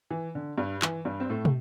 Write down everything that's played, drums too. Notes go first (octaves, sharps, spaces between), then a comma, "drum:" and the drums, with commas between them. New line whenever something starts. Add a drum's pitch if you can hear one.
E3
D3
G2 G3
E3, drum: clap
G2 G3
C4
A2 A3
drum: tom